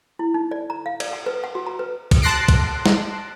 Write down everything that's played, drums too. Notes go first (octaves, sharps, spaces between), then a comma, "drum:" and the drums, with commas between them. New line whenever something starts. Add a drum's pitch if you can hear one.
E4
D#4
D5
A#5
F5
D5, drum: cymbal
F#5
B4
F#5
F#4
A#5
B4
drum: kick, cymbal
A5 C6 F#6 A#6 C7 D7
drum: kick, cymbal
drum: snare